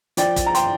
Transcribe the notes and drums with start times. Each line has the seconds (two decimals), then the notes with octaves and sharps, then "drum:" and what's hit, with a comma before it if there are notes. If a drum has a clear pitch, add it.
0.17 F3 D5 G5, drum: hi-hat
0.36 drum: kick, hi-hat
0.46 A#5
0.55 G5 C6, drum: hi-hat